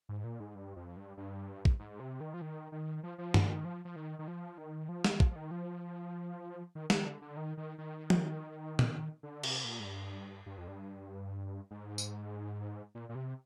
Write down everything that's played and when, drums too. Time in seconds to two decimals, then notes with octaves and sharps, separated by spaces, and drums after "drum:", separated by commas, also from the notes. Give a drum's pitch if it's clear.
0.09 G#2
0.24 A#2
0.40 G#2
0.55 G2
0.76 F2
0.97 G2
1.17 G2
1.65 drum: kick
1.79 G#2
2.00 C3
2.21 D#3
2.34 F3
2.41 D#3
2.72 D#3
3.03 F3
3.18 F3
3.34 D3, drum: tom G2
3.50 D#3
3.65 F3
3.85 F3
3.96 D#3
4.19 D#3
4.28 F3
4.58 D#3
4.89 F3
5.04 D#3, drum: snare
5.20 F3, drum: kick
5.31 F3
5.36 D#3
5.51 F3
6.75 D#3
6.90 D#3, drum: snare
7.06 D3
7.22 D3
7.37 D#3
7.57 D#3
7.78 D#3
8.10 drum: tom
8.79 drum: tom
9.23 D3
9.43 C3, drum: cymbal
9.65 A#2
9.80 G#2
9.84 G2
10.46 G2
10.58 F2
10.68 G2
11.71 G#2
11.98 drum: tambourine
12.95 A#2
13.09 A#2
13.15 C3